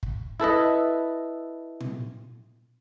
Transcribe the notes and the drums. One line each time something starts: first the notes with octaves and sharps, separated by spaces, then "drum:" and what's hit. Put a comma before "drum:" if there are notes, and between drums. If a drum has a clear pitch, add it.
drum: kick
E4 A4 B4 D#5
drum: tom A#2